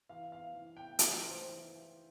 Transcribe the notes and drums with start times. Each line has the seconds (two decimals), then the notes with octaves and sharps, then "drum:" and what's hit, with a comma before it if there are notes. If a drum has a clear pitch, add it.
0.09 E3 F5
0.32 F5
0.54 E3
0.77 G5
0.99 E3 E5, drum: hi-hat
1.29 C5
1.43 E3